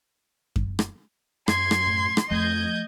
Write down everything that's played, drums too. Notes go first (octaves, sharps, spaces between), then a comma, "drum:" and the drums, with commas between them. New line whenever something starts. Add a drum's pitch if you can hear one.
drum: kick F#2
drum: rim click
F#2 C6 G#6, drum: rim click
drum: rim click
A2
drum: rim click
F2 F3 A3 D#5 G6 G#6